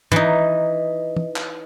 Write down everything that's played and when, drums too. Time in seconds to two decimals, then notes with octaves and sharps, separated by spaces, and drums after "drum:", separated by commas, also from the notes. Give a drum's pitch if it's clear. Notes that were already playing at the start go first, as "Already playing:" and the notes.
0.12 E3 D#4, drum: tom
1.16 drum: tom
1.36 drum: clap